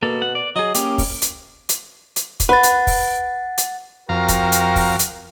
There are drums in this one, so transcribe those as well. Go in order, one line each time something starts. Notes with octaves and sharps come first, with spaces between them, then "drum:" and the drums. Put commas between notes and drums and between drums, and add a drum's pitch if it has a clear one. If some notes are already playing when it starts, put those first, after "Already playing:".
B2 A#3 A4
F#5
D5
F#3 G#4 D#5
A#3 C#4 G4, drum: hi-hat
drum: kick, open hi-hat
drum: hi-hat
drum: hi-hat
drum: hi-hat
drum: kick, hi-hat
B4 F#5 A6
drum: hi-hat
drum: kick, open hi-hat
drum: hi-hat
F2 F#4 A#4 F5 G5 A#5
drum: kick, hi-hat
drum: hi-hat
drum: kick, open hi-hat
drum: hi-hat